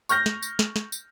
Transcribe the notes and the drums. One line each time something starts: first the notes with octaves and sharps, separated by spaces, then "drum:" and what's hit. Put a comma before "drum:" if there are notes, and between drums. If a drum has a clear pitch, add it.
C#6 F6 G6 A#6, drum: tambourine
drum: snare
drum: tambourine
drum: snare
drum: snare
drum: tambourine